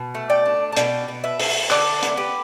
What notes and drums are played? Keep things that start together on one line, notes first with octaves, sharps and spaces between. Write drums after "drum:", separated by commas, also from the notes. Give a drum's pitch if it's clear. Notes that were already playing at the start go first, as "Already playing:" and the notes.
Already playing: B2
A3
D5 G5
D4
A5
B2 D5 G5, drum: hi-hat
B2
B4 E5
A3, drum: open hi-hat
D3 A4 D5, drum: clap
B3, drum: hi-hat
G4 B4